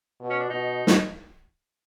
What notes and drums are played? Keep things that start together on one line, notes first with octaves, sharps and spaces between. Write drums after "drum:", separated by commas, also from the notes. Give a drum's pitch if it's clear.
B2
C#4
D4
B2 D#4
drum: snare